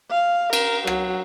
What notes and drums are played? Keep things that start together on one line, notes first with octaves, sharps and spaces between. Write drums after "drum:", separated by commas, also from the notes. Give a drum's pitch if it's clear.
F5
A#4, drum: cymbal
F#3, drum: rim click